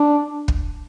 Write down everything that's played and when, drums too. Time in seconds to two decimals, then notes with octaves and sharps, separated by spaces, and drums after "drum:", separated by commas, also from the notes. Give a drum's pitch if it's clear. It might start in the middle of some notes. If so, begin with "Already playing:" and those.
Already playing: D4
0.48 drum: kick